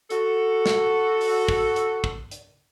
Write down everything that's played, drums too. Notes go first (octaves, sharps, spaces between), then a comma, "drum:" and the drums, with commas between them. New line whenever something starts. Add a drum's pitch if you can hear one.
F#4 A4, drum: hi-hat
drum: snare
drum: open hi-hat
drum: kick
drum: hi-hat
drum: kick
drum: hi-hat